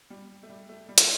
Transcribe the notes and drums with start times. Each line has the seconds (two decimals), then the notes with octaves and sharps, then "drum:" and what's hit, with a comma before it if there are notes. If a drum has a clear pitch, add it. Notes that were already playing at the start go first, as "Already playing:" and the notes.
0.10 G3
0.43 A3
0.50 G3
0.69 A3
0.89 G3
0.98 A3, drum: hi-hat